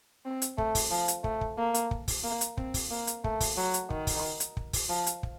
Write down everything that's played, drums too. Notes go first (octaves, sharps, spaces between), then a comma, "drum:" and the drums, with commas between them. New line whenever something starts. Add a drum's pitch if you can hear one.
C4
drum: hi-hat
A3, drum: kick
drum: kick, open hi-hat
F3
drum: hi-hat
A3, drum: kick
drum: kick
A#3
drum: hi-hat
drum: kick
drum: kick, open hi-hat
A#3
drum: hi-hat
C4, drum: kick
drum: kick, open hi-hat
A#3
drum: hi-hat
A3, drum: kick
drum: kick, open hi-hat
F#3
drum: hi-hat
D#3, drum: kick
drum: kick, open hi-hat
drum: hi-hat
drum: kick
drum: kick, open hi-hat
F3
drum: hi-hat
drum: kick